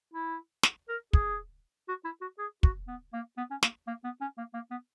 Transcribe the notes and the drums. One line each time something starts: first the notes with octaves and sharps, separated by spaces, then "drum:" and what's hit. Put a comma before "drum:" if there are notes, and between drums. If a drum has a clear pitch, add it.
E4
drum: snare
A#4
G#4, drum: kick
F#4
E4
F#4
G#4
F#4, drum: kick
B3
A#3
B3
C#4
A#3, drum: snare
A#3
B3
C#4
A#3
A#3
B3